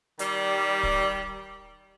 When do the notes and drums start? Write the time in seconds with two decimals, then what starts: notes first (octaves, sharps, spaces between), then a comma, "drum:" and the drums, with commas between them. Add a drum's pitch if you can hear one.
0.19 D#3 G3, drum: hi-hat
0.83 drum: kick